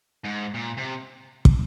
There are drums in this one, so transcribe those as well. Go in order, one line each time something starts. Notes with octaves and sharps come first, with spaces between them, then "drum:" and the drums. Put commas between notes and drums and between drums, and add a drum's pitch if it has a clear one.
G#2
A#2
C3
drum: kick